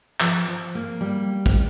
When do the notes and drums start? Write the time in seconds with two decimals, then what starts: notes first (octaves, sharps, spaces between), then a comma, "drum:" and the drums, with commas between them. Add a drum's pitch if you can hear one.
0.21 F3, drum: clap
0.48 F3
0.75 A#3
1.01 G3
1.46 drum: kick